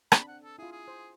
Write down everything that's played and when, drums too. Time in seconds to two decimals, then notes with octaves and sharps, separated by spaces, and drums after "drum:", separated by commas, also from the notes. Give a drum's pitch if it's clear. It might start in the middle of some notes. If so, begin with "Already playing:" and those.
0.12 C4 D4 B5, drum: rim click
0.28 F#5
0.43 A4
0.58 E4 F4 G#4
0.72 G#4
0.88 C5